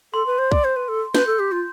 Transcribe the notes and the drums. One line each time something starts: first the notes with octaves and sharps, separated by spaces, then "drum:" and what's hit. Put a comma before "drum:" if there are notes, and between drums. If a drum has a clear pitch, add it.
A4 C6
B4
C5
D5, drum: kick
C5
B4
A4
B4 G6, drum: snare
A4
G4
F4